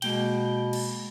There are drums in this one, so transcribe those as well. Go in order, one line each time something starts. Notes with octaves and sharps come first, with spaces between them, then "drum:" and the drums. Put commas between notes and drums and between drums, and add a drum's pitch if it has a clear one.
B2 G#3 A#3 G5, drum: cymbal
drum: cymbal